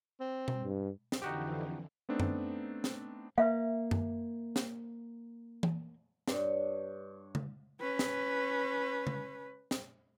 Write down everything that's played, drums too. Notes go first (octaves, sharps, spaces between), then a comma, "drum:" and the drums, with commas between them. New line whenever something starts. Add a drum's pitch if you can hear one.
C4
drum: tom B2
G2
drum: snare
F2 D3 E3 D#4 F#4 G4
A3 B3 C4 D4 D#4
drum: tom F#2
drum: snare
A#3 B4 E5 F5
drum: tom F#2
drum: snare
drum: tom E3
G2 C#5, drum: snare
drum: tom C#3
C#4 B4
drum: snare
drum: tom C#3
drum: snare